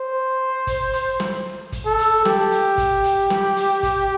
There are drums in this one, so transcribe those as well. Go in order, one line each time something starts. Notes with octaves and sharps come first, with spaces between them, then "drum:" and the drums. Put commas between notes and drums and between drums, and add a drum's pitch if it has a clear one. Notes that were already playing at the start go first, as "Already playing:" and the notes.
Already playing: C5
drum: kick, hi-hat
drum: hi-hat
drum: snare
drum: kick, hi-hat
A4
drum: hi-hat
G4, drum: snare
drum: hi-hat
drum: kick, hi-hat
drum: hi-hat
drum: snare
drum: hi-hat
drum: kick, hi-hat